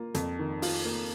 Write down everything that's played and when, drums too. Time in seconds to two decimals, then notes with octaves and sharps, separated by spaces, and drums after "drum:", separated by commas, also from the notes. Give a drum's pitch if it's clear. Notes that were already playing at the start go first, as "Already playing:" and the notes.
Already playing: A#3 F4
0.15 F2, drum: hi-hat
0.39 D#3
0.62 F4, drum: open hi-hat
0.85 A#3